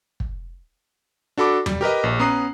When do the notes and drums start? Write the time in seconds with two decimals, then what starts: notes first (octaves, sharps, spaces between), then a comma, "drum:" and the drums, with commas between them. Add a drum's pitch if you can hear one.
0.20 drum: kick
1.38 D4 F#4 A4 B5 D6
1.66 G3, drum: tom E2
1.81 G4 A#4 B4 D#5
2.04 A#1
2.19 B3 C#4 A#5 D#6 F#6 C7